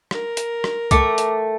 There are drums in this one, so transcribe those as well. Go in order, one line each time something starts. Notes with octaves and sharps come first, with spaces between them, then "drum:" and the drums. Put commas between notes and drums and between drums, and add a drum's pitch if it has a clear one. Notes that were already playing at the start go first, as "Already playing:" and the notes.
A#4, drum: rim click
drum: hi-hat
drum: rim click
A3 G5 A5 D6, drum: kick C2, hi-hat
drum: hi-hat